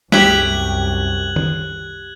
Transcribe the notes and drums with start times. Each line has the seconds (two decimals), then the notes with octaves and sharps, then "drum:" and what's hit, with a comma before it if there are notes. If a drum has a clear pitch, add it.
0.12 C2 F#2 G4 E5 F#6 G#6 F#7, drum: snare
1.36 drum: tom